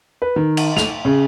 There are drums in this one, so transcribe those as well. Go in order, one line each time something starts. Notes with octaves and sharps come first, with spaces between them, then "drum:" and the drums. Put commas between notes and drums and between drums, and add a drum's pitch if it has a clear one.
B4
D#3
drum: cymbal
F7, drum: snare
C#3